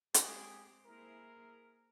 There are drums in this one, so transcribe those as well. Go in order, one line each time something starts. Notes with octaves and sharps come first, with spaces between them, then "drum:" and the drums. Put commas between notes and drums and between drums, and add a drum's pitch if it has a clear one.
G#3 C4 G4 G#4 C5, drum: hi-hat
A#3 E4 G#4 A#4 C5